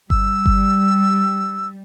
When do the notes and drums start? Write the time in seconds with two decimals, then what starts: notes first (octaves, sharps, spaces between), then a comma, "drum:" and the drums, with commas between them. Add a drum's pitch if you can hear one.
0.10 G3 E6, drum: kick G1
0.46 drum: kick G1